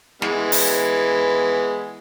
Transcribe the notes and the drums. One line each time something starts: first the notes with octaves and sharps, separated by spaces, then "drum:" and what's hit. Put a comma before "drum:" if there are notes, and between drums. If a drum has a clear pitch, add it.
E3 G#3 B3, drum: snare
drum: open hi-hat